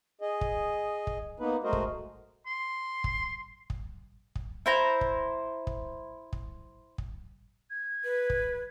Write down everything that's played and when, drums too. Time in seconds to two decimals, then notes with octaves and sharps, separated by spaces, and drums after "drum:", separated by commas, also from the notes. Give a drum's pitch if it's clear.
0.21 G#4 D#5
0.41 drum: kick
1.07 drum: kick
1.40 A#3 B3 D#4 B4
1.64 G#3 A3 F#4 A#4 C5 D#5
1.73 drum: kick
2.47 C6
3.04 drum: kick
3.70 drum: kick
4.35 drum: kick
4.66 E4 C5 A#5
5.01 drum: kick
5.67 drum: kick
6.33 drum: kick
6.98 drum: kick
7.70 G#6
8.04 B4
8.30 drum: kick